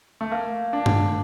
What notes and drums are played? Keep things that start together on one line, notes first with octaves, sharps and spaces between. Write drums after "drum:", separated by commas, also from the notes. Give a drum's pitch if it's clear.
A3
A#3
D4
drum: tom G2